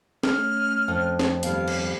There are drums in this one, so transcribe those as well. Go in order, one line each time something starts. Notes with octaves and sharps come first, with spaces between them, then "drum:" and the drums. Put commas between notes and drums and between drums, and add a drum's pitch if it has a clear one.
A3 C#4 F6, drum: snare
F2
drum: snare
G2 D#3 B3 F5, drum: hi-hat
drum: cymbal